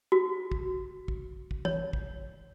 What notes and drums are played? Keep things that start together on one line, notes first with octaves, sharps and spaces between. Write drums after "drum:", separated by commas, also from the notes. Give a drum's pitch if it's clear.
F#4
drum: kick
drum: kick
drum: kick
C#5, drum: tom
drum: kick